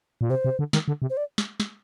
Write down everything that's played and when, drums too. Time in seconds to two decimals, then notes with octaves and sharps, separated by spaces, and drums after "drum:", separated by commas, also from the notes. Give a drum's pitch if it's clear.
0.21 A#2
0.30 C3 C5
0.45 C3
0.59 D3
0.73 D#3, drum: snare
0.88 D3
1.02 C3
1.10 C5
1.17 D5
1.38 drum: snare
1.60 drum: snare